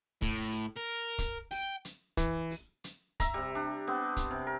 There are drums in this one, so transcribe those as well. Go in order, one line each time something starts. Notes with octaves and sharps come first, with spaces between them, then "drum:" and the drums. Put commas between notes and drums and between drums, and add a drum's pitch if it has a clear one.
A2, drum: kick
drum: open hi-hat
A#4
drum: kick, hi-hat
G5, drum: open hi-hat
drum: hi-hat
E3, drum: kick, hi-hat
drum: open hi-hat
drum: hi-hat
E5 A#5, drum: kick, hi-hat
C3 G3
D4
B3 C4
drum: kick, hi-hat
C3
A#4